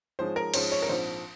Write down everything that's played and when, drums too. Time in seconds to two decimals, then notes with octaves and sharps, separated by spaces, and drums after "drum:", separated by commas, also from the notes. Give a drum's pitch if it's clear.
0.19 G#2 F3 G#3 C#4 C5
0.36 A#4
0.54 G#2 F3 G#3 C#4 C5, drum: cymbal
0.72 C#5
0.82 A#4
0.89 A#1 G#2 F3 C4 C5